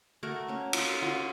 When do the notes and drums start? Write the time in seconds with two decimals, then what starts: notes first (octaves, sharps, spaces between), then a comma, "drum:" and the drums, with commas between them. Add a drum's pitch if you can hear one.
0.23 A3 F#4 A#4
0.48 A#3 C#4
0.73 F4, drum: cymbal
1.02 F4 F#5